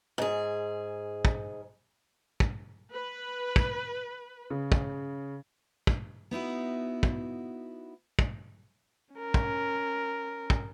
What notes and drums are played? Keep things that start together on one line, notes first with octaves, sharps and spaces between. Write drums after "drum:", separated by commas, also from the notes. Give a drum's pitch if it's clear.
G#2 G#4
drum: kick
drum: kick
B4
drum: kick
C#3
drum: kick
drum: kick
B3 D#4 E4 F#4
drum: kick
drum: kick
C#4 A#4
drum: kick
drum: kick